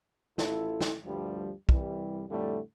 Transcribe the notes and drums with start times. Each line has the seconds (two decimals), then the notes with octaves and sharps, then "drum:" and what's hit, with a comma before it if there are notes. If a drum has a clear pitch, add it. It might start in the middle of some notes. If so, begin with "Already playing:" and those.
0.38 A1 E4 F4 A4, drum: snare
0.81 drum: snare
1.05 D2 G2 F3 G3
1.69 C2 E3 G3, drum: kick
2.29 F2 A2 D3 G3 A3